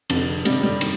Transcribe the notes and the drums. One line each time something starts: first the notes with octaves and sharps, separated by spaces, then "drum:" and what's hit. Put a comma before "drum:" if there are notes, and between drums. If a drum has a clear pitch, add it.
F1 F2 D3, drum: cymbal
F1 F2 D3 G3, drum: cymbal
G3
D#3, drum: cymbal